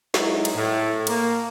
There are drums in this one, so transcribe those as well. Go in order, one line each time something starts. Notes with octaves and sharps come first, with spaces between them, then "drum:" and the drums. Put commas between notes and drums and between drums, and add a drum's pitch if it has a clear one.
F#3 G#3 D#4 E4, drum: snare
drum: cymbal
A2
A#3, drum: cymbal